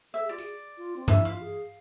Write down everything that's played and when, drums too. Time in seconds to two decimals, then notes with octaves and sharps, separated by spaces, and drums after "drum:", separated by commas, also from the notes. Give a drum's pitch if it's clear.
0.13 A4 E5
0.22 G#4
0.29 F4 D5
0.39 G#4, drum: tambourine
0.78 F4
0.96 C4
1.08 D4 E5, drum: tom
1.18 E4
1.25 F4 F5
1.41 G#4